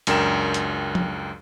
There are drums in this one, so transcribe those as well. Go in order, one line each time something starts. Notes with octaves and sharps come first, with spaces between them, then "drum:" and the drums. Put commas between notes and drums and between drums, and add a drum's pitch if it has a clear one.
C#2 F#2 D4 A#4 G5 E7, drum: hi-hat
drum: hi-hat
drum: tom